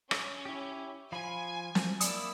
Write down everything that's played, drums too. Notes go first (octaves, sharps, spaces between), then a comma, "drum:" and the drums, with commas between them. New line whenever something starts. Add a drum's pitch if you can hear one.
C#4, drum: rim click
E4 G4
F3 F5 G#5 B5
drum: snare
A#3 E4 D5 D#6 E6, drum: hi-hat